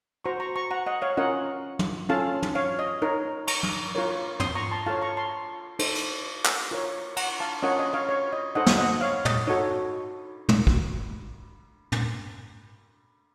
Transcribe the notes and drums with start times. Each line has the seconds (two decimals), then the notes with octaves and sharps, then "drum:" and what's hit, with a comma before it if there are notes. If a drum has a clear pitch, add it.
0.25 F#4 C5 A#5 C#6
0.40 A#5 C#6
0.56 A#5 C#6
0.71 F#5 A#5
0.86 D#5 F#5
1.02 C#5 F5
1.17 C#4 F4 A#4 D#5 F#5
1.79 drum: tom
2.09 C#4 F4 A4 F5 A5
2.43 drum: tom
2.55 C#5 F5
2.79 D#5
3.02 D#4 A#4 C#5
3.47 A#5 C#6, drum: cymbal
3.63 drum: tom
3.95 F4 A#4 C#5
4.40 C6 D#6, drum: tom
4.55 A#5 C#6
4.71 A5 C6
4.86 F4 A4 C#5 F5 A5
5.02 A#5 C#6
5.17 A5 C6
5.79 D#4 A4 C5, drum: cymbal
5.95 drum: hi-hat
6.45 drum: clap
6.71 F4 A#4 C#5
7.17 F#5 A#5, drum: cymbal
7.40 F5 A5
7.63 C#4 F4 A#4 C#5 D#5 F#5
7.79 D#5
7.93 C#5 F5
8.09 C#5
8.33 D#5
8.55 D#4 A4 C5 D#5 F#5
8.66 drum: snare
8.78 D#5 F#5
9.01 C#5 F5
9.25 D#5, drum: tom
9.47 D#4 F#4 A4 C#5
10.49 drum: tom
10.67 drum: kick
11.92 drum: tom